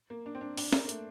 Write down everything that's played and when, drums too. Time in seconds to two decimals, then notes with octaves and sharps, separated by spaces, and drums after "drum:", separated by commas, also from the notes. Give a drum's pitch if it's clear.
0.10 A#3
0.26 D4
0.35 C4
0.41 D4
0.57 D4, drum: open hi-hat
0.73 A#3, drum: snare
0.89 A3, drum: hi-hat